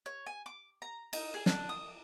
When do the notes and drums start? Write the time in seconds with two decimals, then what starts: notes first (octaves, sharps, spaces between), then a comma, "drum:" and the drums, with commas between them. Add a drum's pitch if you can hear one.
0.06 C#5
0.26 G#5
0.46 D6
0.82 A#5
1.13 D#4, drum: cymbal
1.34 G#4
1.46 D4, drum: snare
1.69 D#6